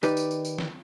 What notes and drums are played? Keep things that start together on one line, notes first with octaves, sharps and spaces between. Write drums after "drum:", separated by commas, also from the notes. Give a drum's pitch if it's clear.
D#3 D#4 G4 B4 D5, drum: tambourine
drum: tambourine
drum: tambourine
drum: tambourine
drum: snare